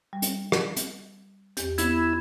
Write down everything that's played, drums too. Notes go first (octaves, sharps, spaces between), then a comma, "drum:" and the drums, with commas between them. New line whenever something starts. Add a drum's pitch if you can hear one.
G3
drum: hi-hat
drum: rim click
drum: hi-hat
E2 G4, drum: hi-hat
B3 E4, drum: hi-hat